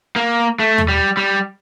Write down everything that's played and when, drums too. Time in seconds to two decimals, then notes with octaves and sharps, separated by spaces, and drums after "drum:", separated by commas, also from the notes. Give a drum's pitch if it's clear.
0.16 A#3
0.59 A3
0.78 drum: tom
0.88 G3
1.17 G3